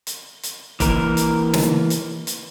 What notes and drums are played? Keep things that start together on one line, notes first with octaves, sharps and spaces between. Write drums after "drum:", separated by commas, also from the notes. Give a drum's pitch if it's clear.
drum: hi-hat
drum: hi-hat
E3 A#3 A#4, drum: kick F1, hi-hat
drum: hi-hat
drum: snare
drum: hi-hat
drum: hi-hat